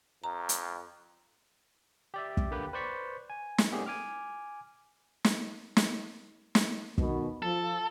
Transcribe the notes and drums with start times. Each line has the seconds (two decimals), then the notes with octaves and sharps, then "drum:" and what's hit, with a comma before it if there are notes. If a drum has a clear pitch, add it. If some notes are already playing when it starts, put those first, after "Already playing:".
0.24 F2 A#5
0.49 drum: hi-hat
2.14 G4 D5 E5
2.37 drum: kick
2.51 D3 A#3 G4 B4
2.73 B4 C5 D5 C#6 B6
3.30 G#5
3.58 drum: snare
3.72 G3 A3 B3 C#4 G4 G#4
3.86 G#5 D6 F6
5.24 drum: snare
5.77 drum: snare
6.55 drum: snare
6.98 B2 D#3, drum: kick
7.42 F3 A4